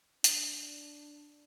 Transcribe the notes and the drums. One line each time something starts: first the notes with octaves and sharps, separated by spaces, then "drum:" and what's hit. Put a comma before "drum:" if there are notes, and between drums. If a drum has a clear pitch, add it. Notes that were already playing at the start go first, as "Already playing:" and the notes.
D4, drum: hi-hat